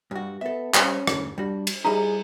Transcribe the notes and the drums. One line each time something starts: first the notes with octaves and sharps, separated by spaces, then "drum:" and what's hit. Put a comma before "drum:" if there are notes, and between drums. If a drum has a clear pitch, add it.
G2 G3 F#4
B3 A4 E5
G3 C#4 C5 C6, drum: clap
D2 B2, drum: rim click
G3 D4 F#4
drum: cymbal
G3 D#4 E4 G#4 A#5